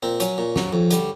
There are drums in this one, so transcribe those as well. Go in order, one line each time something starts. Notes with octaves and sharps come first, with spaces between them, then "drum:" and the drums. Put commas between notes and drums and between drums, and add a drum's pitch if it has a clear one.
A#2 C4
F#3 C#4, drum: hi-hat
A#2
F#3, drum: snare
F2
D3 G3, drum: hi-hat